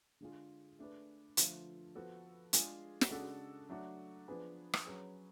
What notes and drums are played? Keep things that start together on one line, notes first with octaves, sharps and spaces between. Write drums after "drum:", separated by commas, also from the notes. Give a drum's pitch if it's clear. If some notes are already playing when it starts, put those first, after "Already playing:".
D3 G#3 D4 F4 G#4
A3 D4 G#4 B4
D3 F3 A3 F4, drum: hi-hat
F3 B3 F#4 A4
G#3 D4 F4 G#4, drum: hi-hat
drum: snare
C#3 G#3 D4 F#4 A4
F#3 A3 D4 F#4
F3 B3 D4 G#4 B4
drum: rim click
F#3 C#4 G#4 B4